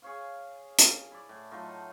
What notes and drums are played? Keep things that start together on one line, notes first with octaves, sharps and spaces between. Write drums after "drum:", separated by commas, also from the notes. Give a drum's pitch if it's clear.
G#4 C#5 F5
drum: hi-hat
E4 D5
A2
F#3 A3 D#4 F4